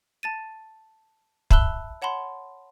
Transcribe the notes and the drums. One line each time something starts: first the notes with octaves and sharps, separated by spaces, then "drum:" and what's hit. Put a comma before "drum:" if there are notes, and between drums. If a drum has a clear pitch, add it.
A5 A6 D#7
E5 A5 B5 E6 F#6 G7, drum: kick
C#5 F#5 A5 B5 C6